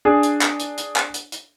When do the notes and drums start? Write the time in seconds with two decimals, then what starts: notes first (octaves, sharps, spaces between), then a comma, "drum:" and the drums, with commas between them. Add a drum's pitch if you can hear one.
0.05 D4 G#4
0.23 drum: hi-hat
0.41 drum: clap
0.60 drum: hi-hat
0.78 drum: hi-hat
0.96 drum: clap
1.14 drum: hi-hat
1.32 drum: hi-hat